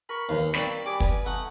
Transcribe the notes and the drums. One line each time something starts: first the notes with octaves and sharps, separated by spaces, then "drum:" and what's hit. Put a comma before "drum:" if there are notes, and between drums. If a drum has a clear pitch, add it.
A#4 B5 C#6
D#2 B4 F5
A#3 C4 F#4 D5 F5 B5, drum: snare
G3 G#5 D6 D#6
B4 G#5 B5, drum: kick
A3 D#4 F#5